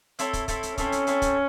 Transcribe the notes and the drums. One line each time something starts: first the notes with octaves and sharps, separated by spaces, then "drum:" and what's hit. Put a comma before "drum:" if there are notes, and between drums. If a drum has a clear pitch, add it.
C4 E4 A4 C#5, drum: hi-hat
drum: kick, hi-hat
C4 E4 A4 C#5, drum: kick, hi-hat
drum: hi-hat
C4 C#4 E4 A4 C#5, drum: kick, hi-hat
drum: hi-hat
C4 E4 A4 C#5, drum: hi-hat
drum: kick, hi-hat